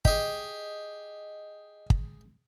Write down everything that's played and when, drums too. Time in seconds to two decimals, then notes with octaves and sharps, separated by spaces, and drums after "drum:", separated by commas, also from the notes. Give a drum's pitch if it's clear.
0.05 G4 G#4 D#5, drum: kick
1.90 drum: kick